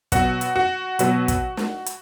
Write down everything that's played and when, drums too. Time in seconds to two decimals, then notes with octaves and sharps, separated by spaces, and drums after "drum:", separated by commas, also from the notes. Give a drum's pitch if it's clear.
0.12 B2 F#3 B3 F#4, drum: kick, hi-hat
0.41 drum: hi-hat
0.56 F#4
0.99 B2 F#3 B3, drum: hi-hat
1.28 drum: kick, hi-hat
1.57 drum: snare
1.86 drum: hi-hat